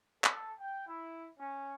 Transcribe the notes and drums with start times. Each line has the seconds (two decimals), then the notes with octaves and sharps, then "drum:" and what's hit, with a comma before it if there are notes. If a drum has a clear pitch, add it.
0.24 A4, drum: clap
0.58 G5
0.88 E4
1.40 C#4